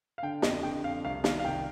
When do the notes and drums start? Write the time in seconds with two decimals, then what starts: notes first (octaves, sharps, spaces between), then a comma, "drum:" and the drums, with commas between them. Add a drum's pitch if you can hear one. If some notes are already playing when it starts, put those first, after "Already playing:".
0.18 F5
0.23 D3 G5
0.42 F2 D#5, drum: snare
0.63 D3 G5
0.84 F2 F5
1.05 C2 F5
1.24 D#3 F5, drum: snare
1.40 F5
1.44 C2 G5